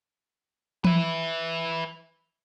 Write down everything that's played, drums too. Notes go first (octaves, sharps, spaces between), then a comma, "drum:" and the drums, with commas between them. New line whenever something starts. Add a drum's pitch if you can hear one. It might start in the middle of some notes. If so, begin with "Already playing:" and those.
B4 E5, drum: tom E3